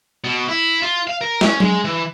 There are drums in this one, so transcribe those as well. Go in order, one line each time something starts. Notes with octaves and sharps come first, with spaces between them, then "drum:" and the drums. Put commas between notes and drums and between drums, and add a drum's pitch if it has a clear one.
B2
E4
F4
F5
A#4
C#4, drum: snare
G#3, drum: tom F#3
E3